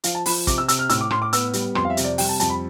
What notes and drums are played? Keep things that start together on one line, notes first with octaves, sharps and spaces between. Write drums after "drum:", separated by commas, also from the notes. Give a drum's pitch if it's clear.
F3 F5, drum: hi-hat
A5
F3 B5, drum: open hi-hat
C3 D6, drum: kick, hi-hat
E6
C3 E6, drum: hi-hat
F6
A2 E6, drum: hi-hat
D6
A2 C6, drum: rim click
D6
B3 E6, drum: hi-hat
G3, drum: hi-hat
F2 C6, drum: rim click
F5
E5
C3, drum: hi-hat
D5
G3 G5, drum: open hi-hat
A5
F2 A5, drum: hi-hat
B5